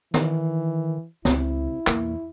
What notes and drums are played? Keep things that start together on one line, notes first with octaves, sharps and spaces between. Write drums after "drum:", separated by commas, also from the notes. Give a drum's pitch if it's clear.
D#3 E3, drum: snare
C#2 C3 E4, drum: snare
E2 A#2, drum: clap